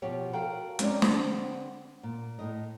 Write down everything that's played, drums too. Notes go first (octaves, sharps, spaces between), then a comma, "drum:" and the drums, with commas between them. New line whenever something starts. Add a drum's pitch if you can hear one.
B2 F3 G4 C#5
F#4 A4 A#4 F5 G5
G#3 C4 C#4 D#4 D5, drum: hi-hat
D3 B3 C4 C5, drum: snare
A#2
A2 D#5